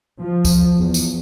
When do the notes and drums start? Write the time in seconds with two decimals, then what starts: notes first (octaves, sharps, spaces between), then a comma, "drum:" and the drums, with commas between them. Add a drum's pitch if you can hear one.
0.20 F3
0.45 drum: kick, tambourine
0.77 E2
0.94 drum: tambourine